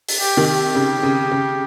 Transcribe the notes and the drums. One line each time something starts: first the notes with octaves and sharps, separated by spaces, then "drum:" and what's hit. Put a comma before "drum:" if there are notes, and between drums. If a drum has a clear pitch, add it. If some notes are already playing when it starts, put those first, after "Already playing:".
drum: open hi-hat
G4
C3 D#3
G4
C#3
C#3
C#3